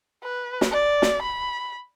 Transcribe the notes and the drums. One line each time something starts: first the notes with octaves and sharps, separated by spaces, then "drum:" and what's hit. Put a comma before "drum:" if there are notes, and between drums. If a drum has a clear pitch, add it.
B4
drum: snare
D5
drum: snare
B5